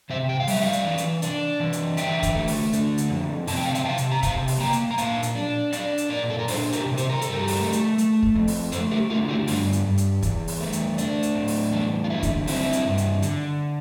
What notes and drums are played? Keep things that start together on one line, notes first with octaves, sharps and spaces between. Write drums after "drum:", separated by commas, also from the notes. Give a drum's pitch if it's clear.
C3 C5 E5
G5
F5
G3 E5, drum: open hi-hat
D5 F5
drum: hi-hat
E3
drum: hi-hat
D4, drum: hi-hat
E3
drum: hi-hat
D3 E5 G5, drum: hi-hat
drum: kick, hi-hat
A3
drum: open hi-hat
D3, drum: hi-hat
drum: hi-hat
F2
C3 A5, drum: open hi-hat
G5
F5
E5 G5, drum: hi-hat
C3 F5 A5
drum: hi-hat
A#5
C3 F5 A5, drum: kick, hi-hat
drum: open hi-hat
A#3 G5 A#5
drum: hi-hat
A#5
A#2 F5 A5, drum: hi-hat
drum: hi-hat
D4
D4 D5 F5, drum: hi-hat
drum: hi-hat
A#2 A#4 D5
A4
A#4
D4 A4 C5, drum: open hi-hat
G4 A#4, drum: hi-hat
C3
C5, drum: hi-hat
A#4
G2 A4, drum: hi-hat
G4 A#4
drum: open hi-hat
A3
drum: hi-hat
A3, drum: hi-hat
drum: kick
F2
drum: open hi-hat
A3 A4 C5, drum: hi-hat
G4 A#4
D3 F4 A4
E4 G4
G2 D4 F4, drum: open hi-hat
drum: hi-hat
G2
drum: hi-hat
E2, drum: kick, hi-hat
drum: open hi-hat
A3
drum: hi-hat
D4, drum: hi-hat
drum: hi-hat
A2
drum: open hi-hat
E2 D4
F4
D3 E4
drum: kick, hi-hat
C4 E4, drum: open hi-hat
drum: hi-hat
G2
drum: hi-hat
D3, drum: hi-hat